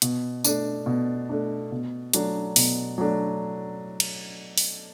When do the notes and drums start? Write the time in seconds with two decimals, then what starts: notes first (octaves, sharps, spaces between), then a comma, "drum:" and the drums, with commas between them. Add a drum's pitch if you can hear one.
0.02 B2, drum: hi-hat
0.44 A3 D4, drum: tambourine
0.86 B2
1.29 A3 D4
1.71 B2
2.13 F#3 A3 D4, drum: hi-hat
2.56 B2, drum: open hi-hat
2.98 F#3 A3 D4
4.00 drum: cymbal
4.58 drum: open hi-hat